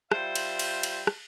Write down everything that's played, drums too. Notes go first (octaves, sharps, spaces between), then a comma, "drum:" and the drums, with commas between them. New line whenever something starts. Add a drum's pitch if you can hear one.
G3 F4 C5 E5, drum: rim click
drum: cymbal
drum: cymbal
drum: cymbal
drum: rim click